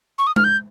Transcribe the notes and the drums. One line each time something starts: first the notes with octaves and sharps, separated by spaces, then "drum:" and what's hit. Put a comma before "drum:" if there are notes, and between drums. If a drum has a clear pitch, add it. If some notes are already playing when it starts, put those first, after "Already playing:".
C#6
D#6
F6, drum: tom G#3
G6